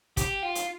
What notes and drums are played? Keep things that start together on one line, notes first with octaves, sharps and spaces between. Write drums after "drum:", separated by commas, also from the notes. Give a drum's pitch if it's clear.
G4, drum: kick, hi-hat
F4
drum: hi-hat